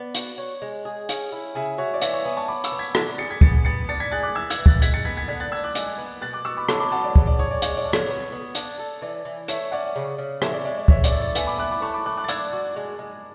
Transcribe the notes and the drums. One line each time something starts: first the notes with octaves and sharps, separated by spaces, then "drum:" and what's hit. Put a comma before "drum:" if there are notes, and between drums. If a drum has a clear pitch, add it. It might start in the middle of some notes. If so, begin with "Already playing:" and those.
Already playing: B3 D5
F#4, drum: hi-hat
C#5
G#3
G#4
C#4, drum: hi-hat
E4
C#3 E5 G#5
F#4 C#5 E5
D5
E3 C#5 E5, drum: hi-hat
C#5 E5
B3 E5 G#5
A5 C#6
B3 B5 D6
C#6 E6, drum: hi-hat
B3
G#6 B6
D4 G#6 B6, drum: rim click
G#4 A6 C#7
G#6 B6
B3 A6 C#7, drum: kick
B3 A6 C#7
D4 A6 C#7
G#6 B6
G#4 F#6 A6
D6 F#6
E3 E6 G#6
E6 G#6, drum: hi-hat
E3
F#6 A6, drum: kick
G#3 G#6 B6, drum: hi-hat
A6 C#7
B3 G#6 B6
G#6 B6
D3 G#6 B6
F#6 A6
D4 E6 G#6
D6 F#6
G#3, drum: hi-hat
B3
B2 F#6 A6
D6 F#6
B2 C#6 E6
B5 D6
F#3 A5 C#6, drum: rim click
B5 D6
B3 F#5 A5
D5
C#3, drum: kick
D5
G#4 C#5
D5
G#3 C#5, drum: hi-hat
D5
D4
C#5, drum: rim click
B3
B3
D4, drum: hi-hat
A4
E3 D5
E3
A3 C#5 E5, drum: hi-hat
C#4 D5 F#5
C#3
C#3
E3 C#5 E5, drum: rim click
D5
G#3 D5
D5
E3 C#5 E5, drum: kick
D5, drum: hi-hat
A4
D5
B3 E5 G#5, drum: hi-hat
B5 D6
E4 D6 F#6
B5 D6
A3 A5 C#6
B5 D6
A3 D6 F#6
D6 F#6
A6
D4 E6 G#6, drum: hi-hat
F#4
G#3
G#3